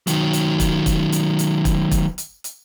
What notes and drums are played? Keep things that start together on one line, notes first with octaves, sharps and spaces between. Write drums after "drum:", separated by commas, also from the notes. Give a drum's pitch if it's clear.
D#3 F#3, drum: hi-hat
drum: hi-hat
drum: kick, hi-hat
drum: kick, hi-hat
drum: hi-hat
drum: hi-hat
drum: kick, hi-hat
drum: kick, hi-hat
drum: hi-hat
drum: hi-hat